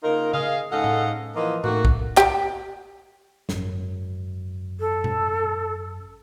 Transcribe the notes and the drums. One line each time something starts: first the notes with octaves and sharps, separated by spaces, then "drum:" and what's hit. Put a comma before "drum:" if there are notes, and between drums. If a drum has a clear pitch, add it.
C#3 A#3 D#4 F4 A#4
G#4 D#5 F5, drum: tom C#3
G#2 C#4 A4 D#5 F5 F#5
drum: tom A2
E3 F3 A#3 F4 D#5
D#3 A3 A#3 F#4, drum: tom A2
drum: kick
G4, drum: clap
G#1 F#2, drum: snare
A4
drum: tom A#2